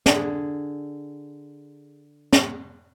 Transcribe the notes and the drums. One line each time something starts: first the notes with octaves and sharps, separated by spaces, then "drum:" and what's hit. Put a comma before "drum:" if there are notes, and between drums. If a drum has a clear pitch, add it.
D3 G#4, drum: snare
drum: snare